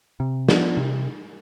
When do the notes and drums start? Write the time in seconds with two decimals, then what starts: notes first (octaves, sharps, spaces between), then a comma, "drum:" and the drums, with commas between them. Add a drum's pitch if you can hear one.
0.20 C3
0.48 F3 B3 D4, drum: snare
0.77 C3